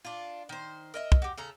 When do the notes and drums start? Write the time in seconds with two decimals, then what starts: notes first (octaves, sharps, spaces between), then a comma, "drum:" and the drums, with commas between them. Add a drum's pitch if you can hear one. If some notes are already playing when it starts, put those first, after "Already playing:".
0.05 D4 F4
0.49 D#3 C5
0.94 A#4 D#5 E5
1.12 drum: kick
1.22 F#4 G4
1.37 C#3 A4 A#5